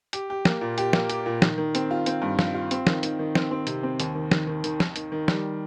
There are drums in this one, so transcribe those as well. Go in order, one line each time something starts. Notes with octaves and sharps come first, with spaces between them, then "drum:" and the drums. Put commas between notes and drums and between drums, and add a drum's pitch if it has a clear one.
G4, drum: hi-hat
G4
A#3, drum: snare
A#2
G4, drum: hi-hat
A#3, drum: snare
G4, drum: hi-hat
A#2
D#3, drum: snare
D#3
C4, drum: hi-hat
F4
C4, drum: hi-hat
G2
F4, drum: snare
F4
C4, drum: hi-hat
D#3, drum: snare
D#3, drum: hi-hat
D#3
C4, drum: snare
C4
C3, drum: hi-hat
C4
D#2, drum: hi-hat
D#3
D#3, drum: snare
D#3
D#3, drum: hi-hat
D#3, drum: snare
D#3, drum: hi-hat
D#3
G3, drum: snare